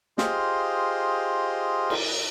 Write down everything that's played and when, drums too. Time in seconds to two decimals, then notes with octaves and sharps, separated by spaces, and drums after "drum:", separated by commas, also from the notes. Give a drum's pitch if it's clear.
0.18 F4 G4 G#4 C5 D#5 F5, drum: snare
1.90 drum: cymbal